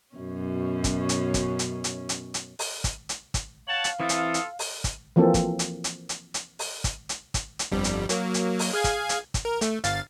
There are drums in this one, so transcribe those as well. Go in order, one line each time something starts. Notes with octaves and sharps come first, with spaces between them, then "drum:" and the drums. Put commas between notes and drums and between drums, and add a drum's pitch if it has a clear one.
F#2 B2 C#4
drum: kick, hi-hat
drum: hi-hat
drum: kick, hi-hat
drum: hi-hat
drum: hi-hat
drum: hi-hat
drum: hi-hat
drum: open hi-hat
drum: kick, hi-hat
drum: hi-hat
drum: kick, hi-hat
C#5 F5 F#5 A5 F#7
drum: hi-hat
E3 C4 E4 F4 A4 D#6
drum: hi-hat
drum: hi-hat
drum: open hi-hat
drum: kick, hi-hat
E3 F3 A#3 C4 A4
drum: kick, hi-hat
drum: hi-hat
drum: hi-hat
drum: hi-hat
drum: hi-hat
drum: open hi-hat
drum: kick, hi-hat
drum: hi-hat
drum: kick, hi-hat
drum: hi-hat
G1 F2 G3
drum: hi-hat
F#3 A#3, drum: hi-hat
drum: hi-hat
drum: open hi-hat
G#4 F5 G#6
drum: kick, hi-hat
drum: hi-hat
drum: kick, hi-hat
A#4
A3, drum: hi-hat
G1 F5 A6, drum: hi-hat